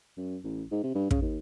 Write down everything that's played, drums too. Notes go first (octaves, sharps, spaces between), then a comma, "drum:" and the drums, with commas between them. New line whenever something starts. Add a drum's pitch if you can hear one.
F#2
A1
G#2
C3
G2
C#3, drum: kick
D#2